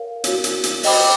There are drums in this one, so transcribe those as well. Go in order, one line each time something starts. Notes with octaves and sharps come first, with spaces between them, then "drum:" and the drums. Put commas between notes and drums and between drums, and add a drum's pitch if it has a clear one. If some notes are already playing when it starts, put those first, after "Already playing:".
Already playing: A#4 C#5 F5
F#4 A#4 C#5, drum: hi-hat
drum: hi-hat
drum: hi-hat
C5 D#5 G5 B5 D6, drum: open hi-hat